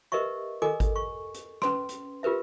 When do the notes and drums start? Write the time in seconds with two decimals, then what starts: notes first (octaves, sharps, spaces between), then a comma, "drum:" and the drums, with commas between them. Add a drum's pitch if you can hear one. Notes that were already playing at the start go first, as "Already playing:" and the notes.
0.12 G4 A#4 B4 D#5 E5 C#6
0.62 A4 A#4 D#5 G#5 D6
0.80 drum: kick G#1, hi-hat
0.96 C#6
1.35 drum: hi-hat
1.62 C#4 B4 C6, drum: rim click
1.89 drum: hi-hat
2.23 F4 G4 A#4 B4 E5